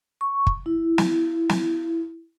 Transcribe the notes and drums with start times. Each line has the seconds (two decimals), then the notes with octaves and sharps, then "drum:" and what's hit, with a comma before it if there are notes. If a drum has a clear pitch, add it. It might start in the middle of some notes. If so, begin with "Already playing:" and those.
0.21 C#6
0.47 drum: kick
0.66 E4
0.98 drum: snare
1.49 drum: snare